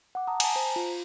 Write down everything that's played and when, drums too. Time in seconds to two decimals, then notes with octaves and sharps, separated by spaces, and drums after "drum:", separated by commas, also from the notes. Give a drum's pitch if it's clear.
0.15 F#5 D6
0.27 A5 A#5 D#6
0.40 G#5 A5, drum: cymbal
0.56 C5 A#5
0.76 F4